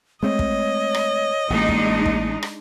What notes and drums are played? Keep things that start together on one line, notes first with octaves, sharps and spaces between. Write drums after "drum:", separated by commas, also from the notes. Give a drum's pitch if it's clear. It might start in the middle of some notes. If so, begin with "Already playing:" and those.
G#3 A3 C4 C#5 D#5
drum: kick
drum: rim click
A1 G#3 A#3 D4 D#4
drum: kick
drum: kick
drum: rim click